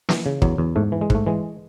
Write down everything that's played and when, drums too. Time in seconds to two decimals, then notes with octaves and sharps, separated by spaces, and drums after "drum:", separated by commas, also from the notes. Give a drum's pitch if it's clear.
0.09 E3, drum: snare
0.26 C#3
0.42 E2 F#3, drum: kick
0.58 E2
0.76 G#2 A3
0.92 E3
1.01 G#3
1.10 G#2 A3, drum: kick
1.27 E3 G#3